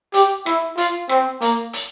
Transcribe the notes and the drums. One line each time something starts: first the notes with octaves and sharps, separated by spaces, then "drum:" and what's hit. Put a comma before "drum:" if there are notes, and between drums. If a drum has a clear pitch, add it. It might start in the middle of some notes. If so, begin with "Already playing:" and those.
G4, drum: hi-hat
E4, drum: rim click
F4, drum: hi-hat
C4, drum: rim click
A#3, drum: hi-hat
drum: hi-hat